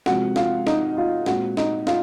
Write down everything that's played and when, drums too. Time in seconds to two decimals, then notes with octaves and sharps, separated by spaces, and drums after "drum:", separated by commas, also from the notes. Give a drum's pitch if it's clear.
0.06 C3 F3 G#3 C4 F#4 F#5, drum: snare
0.36 F4 F5, drum: snare
0.67 D#4 D#5, drum: snare
0.97 F4 F5
1.26 A#2 G#3 C4 F#4 F#5, drum: snare
1.57 D#4 D#5, drum: snare
1.87 F4 F5, drum: snare